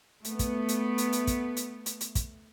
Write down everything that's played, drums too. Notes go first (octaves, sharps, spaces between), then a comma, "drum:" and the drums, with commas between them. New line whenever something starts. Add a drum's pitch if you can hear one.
A3 B3, drum: hi-hat
drum: kick, hi-hat
drum: hi-hat
drum: hi-hat
drum: hi-hat
drum: kick, hi-hat
drum: hi-hat
drum: hi-hat
drum: hi-hat
drum: kick, hi-hat